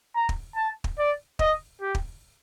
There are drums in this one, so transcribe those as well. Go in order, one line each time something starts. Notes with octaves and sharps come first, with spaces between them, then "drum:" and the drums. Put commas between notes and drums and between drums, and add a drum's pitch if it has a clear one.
A#5
drum: kick
A5
drum: kick
D5
D#5, drum: kick
G4
drum: kick